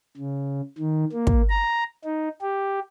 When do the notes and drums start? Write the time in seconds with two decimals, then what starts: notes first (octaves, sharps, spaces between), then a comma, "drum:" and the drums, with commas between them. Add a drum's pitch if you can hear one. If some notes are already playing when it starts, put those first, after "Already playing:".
0.18 C#3
0.78 D#3
1.13 A#3
1.27 drum: kick
1.49 A#5
2.04 D#4
2.41 G4